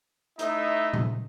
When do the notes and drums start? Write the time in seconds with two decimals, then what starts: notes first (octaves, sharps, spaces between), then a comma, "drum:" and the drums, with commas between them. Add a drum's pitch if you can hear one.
0.39 A3 D#4 E4 D#5 E5, drum: hi-hat
0.93 drum: tom A#2